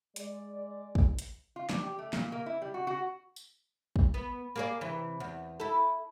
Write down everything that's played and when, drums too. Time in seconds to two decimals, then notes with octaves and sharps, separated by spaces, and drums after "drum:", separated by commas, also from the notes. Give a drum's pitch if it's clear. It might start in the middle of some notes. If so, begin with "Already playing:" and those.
0.16 G#3 D5, drum: hi-hat
0.95 drum: kick
1.19 drum: hi-hat
1.56 F4
1.70 D4, drum: snare
1.83 G4
1.99 A3
2.13 A#2, drum: snare
2.32 A#3
2.46 E4
2.62 G3
2.74 F#4
2.87 F#4
3.36 drum: tambourine
3.96 drum: kick
4.14 B3
4.56 A#3 G#4 D5
4.81 C3 E3
5.20 E2
5.60 E4 A4